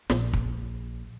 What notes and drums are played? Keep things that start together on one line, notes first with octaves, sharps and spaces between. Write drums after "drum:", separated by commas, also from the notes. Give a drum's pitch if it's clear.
A#1, drum: snare
drum: kick